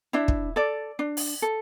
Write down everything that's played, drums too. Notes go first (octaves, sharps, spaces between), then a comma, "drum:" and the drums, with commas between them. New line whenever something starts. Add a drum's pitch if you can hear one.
D4 E4 E5
drum: kick
A4 D5
D4
drum: open hi-hat
A4